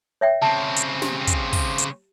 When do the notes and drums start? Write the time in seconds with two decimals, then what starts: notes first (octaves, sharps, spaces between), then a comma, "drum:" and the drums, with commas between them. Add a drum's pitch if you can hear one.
0.21 C#5 E5 G5
0.42 C#3 C4 A5
0.76 drum: hi-hat
1.02 G4, drum: snare
1.27 drum: kick, hi-hat
1.53 drum: kick, open hi-hat
1.78 drum: hi-hat